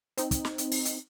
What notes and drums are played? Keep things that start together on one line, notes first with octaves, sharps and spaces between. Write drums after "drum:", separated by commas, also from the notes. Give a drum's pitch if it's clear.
C4 D#4, drum: hi-hat
drum: kick, hi-hat
drum: snare
drum: hi-hat
drum: open hi-hat
drum: hi-hat